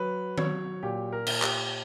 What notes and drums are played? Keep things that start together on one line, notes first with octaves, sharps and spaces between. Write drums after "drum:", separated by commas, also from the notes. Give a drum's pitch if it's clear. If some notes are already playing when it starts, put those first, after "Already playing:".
Already playing: F#3 B4
F#3 C#5, drum: tom D#3
A#2 G4
A#4
A#2, drum: cymbal
G4, drum: clap